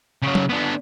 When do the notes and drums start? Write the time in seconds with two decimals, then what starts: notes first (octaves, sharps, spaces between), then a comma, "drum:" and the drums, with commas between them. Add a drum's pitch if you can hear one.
0.22 C#3 F#3
0.35 drum: tom
0.49 D3 B3